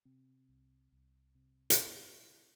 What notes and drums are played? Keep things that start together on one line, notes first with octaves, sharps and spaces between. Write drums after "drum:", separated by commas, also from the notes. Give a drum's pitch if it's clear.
C3 C4
C2
C2
C3
drum: hi-hat